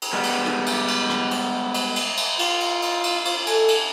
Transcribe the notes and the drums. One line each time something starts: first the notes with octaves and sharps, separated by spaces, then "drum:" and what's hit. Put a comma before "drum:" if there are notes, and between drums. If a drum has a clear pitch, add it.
drum: cymbal
G3 G#3 B3
drum: cymbal
drum: rim click
drum: cymbal
drum: cymbal
drum: rim click
drum: cymbal
drum: cymbal
drum: cymbal
drum: cymbal
F4, drum: cymbal
drum: cymbal
drum: cymbal
drum: cymbal
drum: cymbal
A4 G#5, drum: cymbal
drum: cymbal